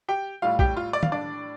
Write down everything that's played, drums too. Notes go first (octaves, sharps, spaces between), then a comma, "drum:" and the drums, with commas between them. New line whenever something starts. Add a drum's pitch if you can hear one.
G4 G5
A2 G3 F4 F5
G4 G5, drum: kick
F4 F5
D5
F5, drum: tom
D4 D5